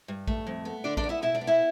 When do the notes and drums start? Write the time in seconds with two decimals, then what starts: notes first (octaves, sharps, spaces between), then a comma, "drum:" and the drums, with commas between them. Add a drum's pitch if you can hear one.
0.08 G2
0.27 A3, drum: kick A1
0.47 F2
0.65 B3
0.84 D3 D4 D5
0.97 D4 D5, drum: kick A1
1.04 B3
1.09 E4 E5
1.22 B2 E4 E5
1.35 D4 D5
1.41 B3
1.47 E4 E5